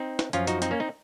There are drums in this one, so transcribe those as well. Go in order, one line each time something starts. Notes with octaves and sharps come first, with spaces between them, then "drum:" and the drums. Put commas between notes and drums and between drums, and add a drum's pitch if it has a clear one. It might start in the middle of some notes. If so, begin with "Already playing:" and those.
Already playing: C4 D#4
drum: snare
F#2 F3 C#4 F4, drum: hi-hat
D#4 F#4, drum: hi-hat
C4 D#4, drum: hi-hat
A#3 C#4
C4 D#4